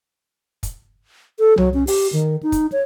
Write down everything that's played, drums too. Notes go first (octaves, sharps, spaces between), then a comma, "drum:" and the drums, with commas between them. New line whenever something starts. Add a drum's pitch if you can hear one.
drum: kick, hi-hat
A4
F#3, drum: tom C2
C#4
G4, drum: open hi-hat
D#3
D#4
drum: kick, hi-hat
C#5